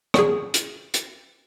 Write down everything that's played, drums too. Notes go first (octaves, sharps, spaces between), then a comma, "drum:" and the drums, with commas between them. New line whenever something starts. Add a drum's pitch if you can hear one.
G#4 C#6, drum: rim click
drum: hi-hat
drum: hi-hat